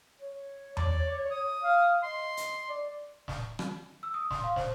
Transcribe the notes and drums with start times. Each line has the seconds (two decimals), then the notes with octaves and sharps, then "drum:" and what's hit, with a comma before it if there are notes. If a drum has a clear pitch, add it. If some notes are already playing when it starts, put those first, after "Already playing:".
0.20 C#5
0.77 D5, drum: tom E2
1.31 D#6
1.63 F5
2.03 D#5 C6
2.37 drum: hi-hat
2.69 D5
3.28 drum: snare
3.59 drum: rim click
4.03 E6
4.14 D#6
4.31 C6, drum: snare
4.44 F5
4.56 C5, drum: snare